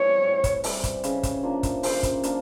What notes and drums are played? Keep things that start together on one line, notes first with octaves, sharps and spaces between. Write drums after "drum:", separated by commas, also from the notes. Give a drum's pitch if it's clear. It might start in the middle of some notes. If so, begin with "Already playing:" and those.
Already playing: E3 G3 C4 C#5
A2
drum: kick, hi-hat
E3 G3 C4, drum: open hi-hat
drum: kick, hi-hat
C#3, drum: hi-hat
drum: kick, hi-hat
F3 A#3 D4
drum: kick, hi-hat
C#3 C5, drum: open hi-hat
drum: kick, hi-hat
F3 A#3 D4, drum: hi-hat